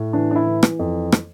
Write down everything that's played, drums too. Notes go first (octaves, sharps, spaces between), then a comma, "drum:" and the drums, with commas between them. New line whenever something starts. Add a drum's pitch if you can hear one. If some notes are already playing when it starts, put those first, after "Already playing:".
Already playing: A2
E3 D4
D4
E4
E3
drum: rim click
F2
drum: rim click